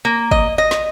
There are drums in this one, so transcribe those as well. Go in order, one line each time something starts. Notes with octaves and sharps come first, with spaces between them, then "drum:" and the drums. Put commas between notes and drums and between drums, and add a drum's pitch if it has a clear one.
A#3
D#5, drum: kick
D#5
drum: snare